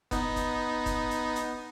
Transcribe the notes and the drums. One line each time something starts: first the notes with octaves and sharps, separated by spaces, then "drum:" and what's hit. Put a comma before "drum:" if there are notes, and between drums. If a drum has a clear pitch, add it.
B3 D#4, drum: kick E1, hi-hat
drum: kick E1, hi-hat
drum: kick E1, hi-hat
drum: hi-hat
drum: hi-hat